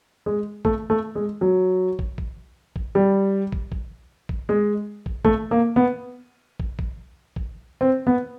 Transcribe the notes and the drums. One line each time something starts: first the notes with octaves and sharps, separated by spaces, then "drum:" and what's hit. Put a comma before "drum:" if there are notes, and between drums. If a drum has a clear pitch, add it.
G#3
A3, drum: kick
A3
G#3
F#3
drum: kick
drum: kick
drum: kick
G3
drum: kick
drum: kick
drum: kick
G#3
drum: kick
A3, drum: kick
A#3
B3
drum: kick
drum: kick
drum: kick
C4
B3